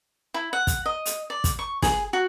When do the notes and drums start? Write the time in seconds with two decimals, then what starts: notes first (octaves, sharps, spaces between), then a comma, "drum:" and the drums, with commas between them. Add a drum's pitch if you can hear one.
0.34 E4
0.53 F#5
0.67 drum: kick, hi-hat
0.86 D#5
1.06 drum: hi-hat
1.30 D5
1.44 drum: kick, hi-hat
1.59 C#6
1.82 G#4, drum: snare
2.13 F#4